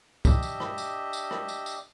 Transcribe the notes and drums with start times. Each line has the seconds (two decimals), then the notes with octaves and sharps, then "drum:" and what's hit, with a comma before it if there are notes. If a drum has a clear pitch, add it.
0.25 D4 G4 D#5 E5, drum: kick, tambourine
0.43 drum: tambourine
0.60 drum: rim click
0.78 drum: tambourine
1.13 drum: tambourine
1.31 drum: rim click
1.48 drum: tambourine
1.66 drum: tambourine